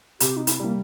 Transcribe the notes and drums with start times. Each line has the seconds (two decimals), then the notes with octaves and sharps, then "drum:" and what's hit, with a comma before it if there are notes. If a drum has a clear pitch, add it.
0.20 C3 G4, drum: hi-hat
0.37 D#4
0.47 E4, drum: hi-hat
0.60 G3 A#3